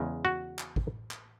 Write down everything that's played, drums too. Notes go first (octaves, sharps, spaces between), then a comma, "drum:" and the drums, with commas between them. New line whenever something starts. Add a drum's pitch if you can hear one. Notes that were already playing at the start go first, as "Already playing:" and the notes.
Already playing: E2 C#3 G#3
F#4
drum: clap
drum: kick
drum: clap